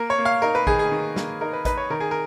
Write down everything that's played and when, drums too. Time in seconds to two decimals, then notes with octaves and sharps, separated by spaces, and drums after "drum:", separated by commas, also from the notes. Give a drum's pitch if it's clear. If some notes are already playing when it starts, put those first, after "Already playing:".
Already playing: A#3 A#4
0.10 C#5
0.18 A#3
0.25 F5
0.42 D#4 A#4
0.55 B4
0.67 D#3 G#4, drum: kick A1
0.79 G#4
0.91 D#3
1.16 A#3, drum: snare
1.41 D#4 A#4
1.53 B4
1.65 D#4 B4, drum: kick A1, hi-hat
1.77 C#5
1.90 D#3 A#4
2.00 G#4
2.11 A#4